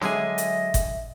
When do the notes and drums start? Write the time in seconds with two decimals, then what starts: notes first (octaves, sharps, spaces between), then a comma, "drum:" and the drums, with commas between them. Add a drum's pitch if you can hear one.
0.01 D3 F#3 G#3 G#4 D#5 E5 G#5, drum: snare
0.38 drum: hi-hat
0.74 drum: kick G1, hi-hat